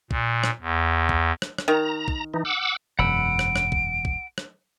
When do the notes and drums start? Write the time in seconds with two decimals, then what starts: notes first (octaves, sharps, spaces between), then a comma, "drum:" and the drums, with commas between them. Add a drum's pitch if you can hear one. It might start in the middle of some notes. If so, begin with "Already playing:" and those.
0.11 A#2, drum: kick
0.43 drum: rim click
0.61 E2
1.09 drum: kick
1.42 drum: rim click
1.58 drum: rim click
1.68 D#3 A#5
2.08 drum: kick
2.34 E3 D#4
2.45 F#5 D6 E6
2.99 E1 F#2 F#5 B5 E6 D7
3.39 drum: rim click
3.56 drum: rim click
3.72 drum: kick
4.05 drum: kick
4.38 drum: rim click